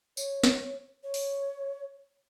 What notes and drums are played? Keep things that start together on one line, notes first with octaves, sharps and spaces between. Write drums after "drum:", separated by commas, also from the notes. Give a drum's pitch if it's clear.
C#5, drum: tambourine
drum: snare
C#5
drum: open hi-hat